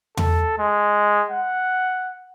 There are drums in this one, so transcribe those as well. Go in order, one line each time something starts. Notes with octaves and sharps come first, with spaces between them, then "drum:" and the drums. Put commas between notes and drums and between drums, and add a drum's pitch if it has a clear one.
A4, drum: tom E2
G#3
F#5